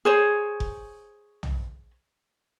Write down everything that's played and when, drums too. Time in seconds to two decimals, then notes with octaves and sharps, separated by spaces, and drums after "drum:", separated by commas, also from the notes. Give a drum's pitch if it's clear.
0.05 G#4 C5 C#5
0.60 drum: kick F1
1.43 drum: tom B1